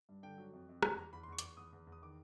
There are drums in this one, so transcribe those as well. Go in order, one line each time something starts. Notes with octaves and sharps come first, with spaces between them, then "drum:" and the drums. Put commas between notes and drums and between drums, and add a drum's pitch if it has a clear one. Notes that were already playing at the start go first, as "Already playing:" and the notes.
G2
D3 G5
F#3
F2
F2
E2 A5, drum: rim click
E2 A#5
E2 B5
C6
E2 C#6
D6, drum: hi-hat
E2 C#6
E2 D#6
E2
E2
D#6
D#3 D6